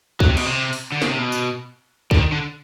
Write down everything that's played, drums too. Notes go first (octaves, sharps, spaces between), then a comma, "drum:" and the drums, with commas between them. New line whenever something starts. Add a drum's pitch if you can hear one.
F#3, drum: kick C2
C3
B2, drum: cymbal
C3
drum: open hi-hat
D3
C#3, drum: snare
C3
B2
drum: tambourine
D3, drum: kick C2
D#3
D3